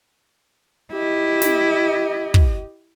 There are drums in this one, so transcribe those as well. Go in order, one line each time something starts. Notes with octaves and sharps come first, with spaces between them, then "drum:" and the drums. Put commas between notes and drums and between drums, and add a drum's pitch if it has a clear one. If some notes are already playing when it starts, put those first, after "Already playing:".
E4 G4 D#5
drum: snare
drum: kick